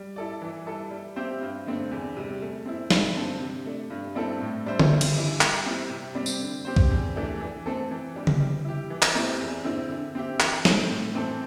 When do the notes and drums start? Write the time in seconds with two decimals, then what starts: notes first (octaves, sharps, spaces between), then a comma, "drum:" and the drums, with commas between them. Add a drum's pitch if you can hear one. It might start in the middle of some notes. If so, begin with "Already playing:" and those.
Already playing: G3
0.16 E4 A4 D5
0.41 E3
0.66 G3 E4 A4
0.91 G3
1.16 C4 G4 C5 E5
1.41 G2
1.66 D3 A3 C4
1.91 E2
2.16 C3 G3
2.42 A3
2.66 C4 E4
2.90 G2, drum: snare
3.16 D3 C4 A4
3.42 C3
3.66 A3 D4
3.90 G2
4.15 G3 C4 E4 A4
4.41 A2
4.66 G3 D4 C5 E5
4.79 drum: tom D3
4.90 G2
5.01 drum: cymbal
5.16 E3 G3 E4
5.41 G3, drum: clap
5.66 C4 E4 G4
5.90 C3
6.15 G3 C4 G4
6.26 drum: tambourine
6.41 D3
6.65 C4 G4 C5
6.76 drum: kick
6.90 E2
7.15 E3 A3 D4 G4
7.41 E3
7.66 A3 C4 A4 C5
7.91 E3
8.15 G3 D4 G4
8.27 drum: tom C#3
8.40 G3
8.65 E4 G4
8.90 E3
9.02 drum: clap
9.15 A3 C4 E4 G4
9.41 E2
9.64 D3 C4 E4
9.89 D3
10.15 C4 G4 E5
10.40 E3, drum: clap
10.65 A3 C4, drum: snare
10.90 A2
11.15 E3 C4 A4 C5